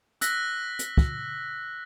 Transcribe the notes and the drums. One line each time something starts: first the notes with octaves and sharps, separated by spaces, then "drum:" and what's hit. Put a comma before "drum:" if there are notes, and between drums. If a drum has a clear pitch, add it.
E6 F#6 A#6 B6, drum: hi-hat
drum: hi-hat
drum: kick